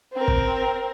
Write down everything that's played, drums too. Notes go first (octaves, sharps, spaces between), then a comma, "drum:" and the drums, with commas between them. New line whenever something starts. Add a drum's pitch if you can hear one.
C4 A#4
drum: kick